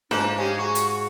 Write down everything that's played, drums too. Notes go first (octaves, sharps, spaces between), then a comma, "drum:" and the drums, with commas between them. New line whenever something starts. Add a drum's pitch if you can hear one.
G#2 D4 F4 C5, drum: snare
G#3 C#4 G4
F#4 C#6
drum: hi-hat